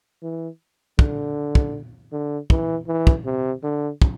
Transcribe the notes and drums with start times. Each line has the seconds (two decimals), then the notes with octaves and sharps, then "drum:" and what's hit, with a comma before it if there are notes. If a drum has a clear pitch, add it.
0.22 E3
0.99 D3, drum: kick
1.55 drum: kick
2.12 D3
2.50 E3, drum: kick
2.87 E3
3.07 drum: kick
3.26 C3
3.64 D3
4.02 drum: kick